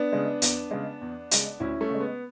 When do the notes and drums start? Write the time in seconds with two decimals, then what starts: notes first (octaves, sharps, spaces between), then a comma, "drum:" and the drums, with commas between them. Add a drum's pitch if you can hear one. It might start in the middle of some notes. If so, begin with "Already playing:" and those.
Already playing: B3 D4
0.12 C#3 G#3
0.42 E2, drum: hi-hat
0.71 C#3 G#3
1.01 E2
1.31 C#3 G#3, drum: hi-hat
1.60 D2 C#4 E4
1.80 A3 C#4
1.90 C#3 G#3
2.00 B3